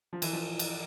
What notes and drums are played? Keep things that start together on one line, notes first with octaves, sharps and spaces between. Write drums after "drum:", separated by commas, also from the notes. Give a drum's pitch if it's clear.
F3
E3, drum: cymbal
F3
drum: cymbal